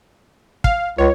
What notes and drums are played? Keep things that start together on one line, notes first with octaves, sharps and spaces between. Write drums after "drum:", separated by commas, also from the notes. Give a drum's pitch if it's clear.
F5, drum: kick
C#2 C#5